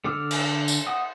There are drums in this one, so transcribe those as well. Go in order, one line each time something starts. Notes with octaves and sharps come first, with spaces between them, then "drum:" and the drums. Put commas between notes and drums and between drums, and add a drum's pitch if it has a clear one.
D3 A4 D6 E6 F6
drum: cymbal
drum: tambourine
F#5 D#6